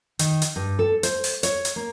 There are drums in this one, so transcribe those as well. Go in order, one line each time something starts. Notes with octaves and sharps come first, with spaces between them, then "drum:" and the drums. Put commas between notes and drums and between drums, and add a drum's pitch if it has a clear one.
D#3, drum: hi-hat
drum: hi-hat
G2
A4
C5, drum: hi-hat
drum: open hi-hat
C#5, drum: hi-hat
drum: hi-hat
A#3